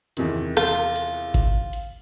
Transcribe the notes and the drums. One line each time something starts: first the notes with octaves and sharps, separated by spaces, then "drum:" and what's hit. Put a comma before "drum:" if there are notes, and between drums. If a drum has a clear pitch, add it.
E2 C3 D#3, drum: hi-hat
F4, drum: rim click
drum: hi-hat
drum: kick G#1, hi-hat
drum: hi-hat